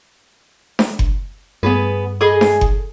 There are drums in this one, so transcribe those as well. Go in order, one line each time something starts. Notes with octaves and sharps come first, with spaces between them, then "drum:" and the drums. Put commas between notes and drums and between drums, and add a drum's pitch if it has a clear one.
drum: snare D4
drum: kick F#1
G2 B3 G#4 B4
G#4 A4 D#5 D#6
drum: snare D4
drum: kick F#1